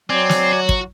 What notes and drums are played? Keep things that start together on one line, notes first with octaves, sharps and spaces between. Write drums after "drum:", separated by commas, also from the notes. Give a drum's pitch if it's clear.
F#3 C4 D5 G#5
drum: snare
F#4
drum: kick